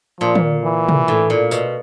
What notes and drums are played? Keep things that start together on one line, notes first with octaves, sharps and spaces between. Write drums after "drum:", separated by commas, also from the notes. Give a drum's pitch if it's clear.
A#2 F3
drum: tom
E3
drum: tom
A2
A#2
B2, drum: tambourine